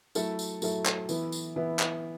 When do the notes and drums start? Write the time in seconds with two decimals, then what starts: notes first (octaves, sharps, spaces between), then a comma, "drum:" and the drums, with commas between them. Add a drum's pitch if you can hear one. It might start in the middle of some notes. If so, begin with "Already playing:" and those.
0.15 F#3 A3 E4 A4, drum: tambourine
0.39 drum: tambourine
0.62 F#3 A3 E4 A4, drum: tambourine
0.86 drum: clap
1.09 E3 B3 E4, drum: tambourine
1.32 drum: tambourine
1.56 E3 B3 E4
1.79 drum: clap